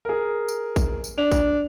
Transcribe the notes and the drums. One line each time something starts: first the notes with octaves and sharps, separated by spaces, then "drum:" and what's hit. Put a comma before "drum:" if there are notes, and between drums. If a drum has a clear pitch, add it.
G#4 A#4
drum: tambourine
drum: kick, tambourine
drum: tambourine
D4 F7
drum: kick, tambourine